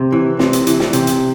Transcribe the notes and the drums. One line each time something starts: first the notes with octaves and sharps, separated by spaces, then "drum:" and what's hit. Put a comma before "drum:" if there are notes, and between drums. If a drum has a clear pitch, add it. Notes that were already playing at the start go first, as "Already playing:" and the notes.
Already playing: C3
E3
C3, drum: snare
drum: hi-hat
E3, drum: hi-hat
drum: snare
C3, drum: hi-hat
drum: hi-hat